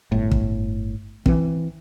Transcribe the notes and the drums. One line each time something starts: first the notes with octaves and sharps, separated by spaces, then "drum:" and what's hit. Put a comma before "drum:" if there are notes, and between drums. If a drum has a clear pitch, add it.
G1 A2
drum: kick
E3 C4, drum: kick